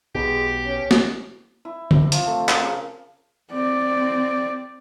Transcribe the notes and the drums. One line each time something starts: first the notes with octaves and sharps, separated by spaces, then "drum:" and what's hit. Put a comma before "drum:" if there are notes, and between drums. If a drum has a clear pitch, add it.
B1 B2 G#3 G4
C#4
drum: snare
E4
C3, drum: tom D3
F3, drum: hi-hat
A3
A#4, drum: clap
C#3
C4 D5